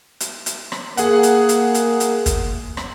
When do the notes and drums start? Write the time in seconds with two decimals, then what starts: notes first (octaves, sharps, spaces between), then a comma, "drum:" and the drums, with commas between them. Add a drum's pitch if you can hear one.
0.20 drum: hi-hat
0.46 drum: hi-hat
0.72 drum: rim click
0.97 A#3 G#4 F#5, drum: hi-hat
1.23 drum: hi-hat
1.49 drum: hi-hat
1.74 drum: hi-hat
2.00 drum: hi-hat
2.26 drum: kick, hi-hat
2.77 drum: rim click